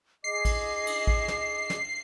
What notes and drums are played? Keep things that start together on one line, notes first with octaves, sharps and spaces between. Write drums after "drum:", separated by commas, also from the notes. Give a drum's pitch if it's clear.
G#4 D#5 D6 C7
drum: kick A1, cymbal
drum: cymbal
drum: kick A1
drum: snare
drum: snare